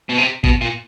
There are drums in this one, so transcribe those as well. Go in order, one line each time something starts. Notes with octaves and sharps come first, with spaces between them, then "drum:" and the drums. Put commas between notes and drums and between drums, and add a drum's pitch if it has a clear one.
B2
C3
B2, drum: kick G#1
A#2